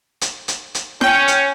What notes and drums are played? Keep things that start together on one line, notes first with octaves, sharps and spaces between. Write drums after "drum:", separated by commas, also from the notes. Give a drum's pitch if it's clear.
drum: hi-hat
drum: hi-hat
drum: hi-hat
C#4 G5 G6, drum: snare
drum: hi-hat